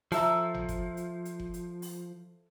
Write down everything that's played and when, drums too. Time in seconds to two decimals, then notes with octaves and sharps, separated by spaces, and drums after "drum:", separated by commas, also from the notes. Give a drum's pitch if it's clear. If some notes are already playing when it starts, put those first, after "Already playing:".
0.12 F3 A4 E5 A#5, drum: open hi-hat
0.54 drum: tom G#1
0.69 drum: kick F#1, hi-hat
0.97 drum: hi-hat
1.25 drum: hi-hat
1.40 drum: kick F#1
1.54 drum: hi-hat
1.82 drum: open hi-hat